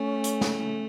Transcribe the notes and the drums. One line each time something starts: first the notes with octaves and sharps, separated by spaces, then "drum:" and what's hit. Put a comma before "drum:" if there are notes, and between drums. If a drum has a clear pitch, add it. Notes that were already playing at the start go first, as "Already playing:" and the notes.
Already playing: A3 C#4
drum: hi-hat
drum: snare